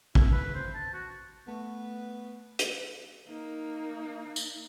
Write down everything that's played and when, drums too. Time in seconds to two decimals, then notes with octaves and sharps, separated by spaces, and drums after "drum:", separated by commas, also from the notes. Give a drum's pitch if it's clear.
0.15 E4, drum: kick
0.32 B4
0.54 C5
0.74 A5
0.93 F#4
1.48 A3 B3
2.59 drum: hi-hat
3.28 A#3 D#4
4.36 drum: tambourine